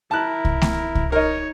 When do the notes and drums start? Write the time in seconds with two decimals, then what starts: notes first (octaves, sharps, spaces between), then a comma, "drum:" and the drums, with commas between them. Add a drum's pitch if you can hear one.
0.11 E4 A#4 A5 F#6
0.45 drum: kick C2
0.62 drum: snare A3
0.95 drum: kick C2
1.12 D#4 A#4 C#5 D#5